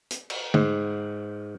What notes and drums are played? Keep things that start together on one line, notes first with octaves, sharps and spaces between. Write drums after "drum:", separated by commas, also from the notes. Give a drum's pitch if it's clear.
drum: hi-hat
drum: cymbal
G#2, drum: tom D3